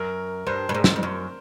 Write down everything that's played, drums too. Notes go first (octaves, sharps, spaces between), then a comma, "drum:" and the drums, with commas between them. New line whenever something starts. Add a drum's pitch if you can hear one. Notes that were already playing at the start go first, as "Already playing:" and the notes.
Already playing: F#2 A#4
G2 C5
G2
G#2
drum: snare
F2
F#2